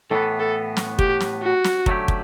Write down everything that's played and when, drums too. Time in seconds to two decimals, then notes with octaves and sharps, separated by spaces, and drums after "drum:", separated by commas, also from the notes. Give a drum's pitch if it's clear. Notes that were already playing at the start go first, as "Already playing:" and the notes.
0.10 A2 E3 B3 A4
0.40 A4
0.77 drum: snare
0.99 G4, drum: kick
1.20 drum: snare
1.43 F#4
1.64 drum: snare
1.86 D3 F#3 A3 C#4 G4, drum: kick
2.08 drum: kick